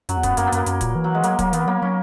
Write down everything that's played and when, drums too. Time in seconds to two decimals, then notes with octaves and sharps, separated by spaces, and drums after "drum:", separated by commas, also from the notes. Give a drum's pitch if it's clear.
0.09 F#2 F#3, drum: hi-hat
0.17 E2
0.23 F#2 B3, drum: kick, hi-hat
0.37 F#2 A#3, drum: hi-hat
0.47 B3
0.52 F#2 A#3, drum: hi-hat
0.66 F#2, drum: hi-hat
0.81 A#2, drum: kick, hi-hat
0.95 E3
1.04 F#3
1.15 G#3
1.23 F#3 A#3, drum: hi-hat
1.39 F#3 A#3, drum: kick, hi-hat
1.53 E3 B3, drum: hi-hat
1.67 F#3 A#3
1.82 F#3 C#4